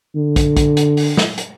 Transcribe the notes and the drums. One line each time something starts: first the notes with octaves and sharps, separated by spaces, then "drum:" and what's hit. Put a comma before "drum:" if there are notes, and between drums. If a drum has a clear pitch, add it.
D3
drum: kick, hi-hat
drum: kick, hi-hat
drum: hi-hat
drum: open hi-hat
drum: snare
drum: hi-hat